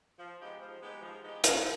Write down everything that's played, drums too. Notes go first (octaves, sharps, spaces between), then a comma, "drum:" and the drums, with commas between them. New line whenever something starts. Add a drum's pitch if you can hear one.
F3
G#3 B3 D#4 G4
F3
G#3 B3 D#4 G4
F3
G#3 B3 D#4 G4
F3, drum: hi-hat